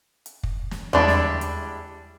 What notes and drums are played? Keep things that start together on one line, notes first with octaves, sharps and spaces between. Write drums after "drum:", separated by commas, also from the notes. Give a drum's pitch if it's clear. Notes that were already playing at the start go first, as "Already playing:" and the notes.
drum: hi-hat
drum: kick
drum: snare
G3 G#3 D4 E4, drum: tom E2
drum: snare
drum: hi-hat